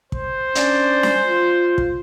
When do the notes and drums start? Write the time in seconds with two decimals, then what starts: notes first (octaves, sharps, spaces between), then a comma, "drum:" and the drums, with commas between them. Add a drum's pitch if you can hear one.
0.12 C5, drum: kick
0.55 C#4 D4 D5, drum: hi-hat
1.03 drum: snare
1.26 F4
1.78 drum: kick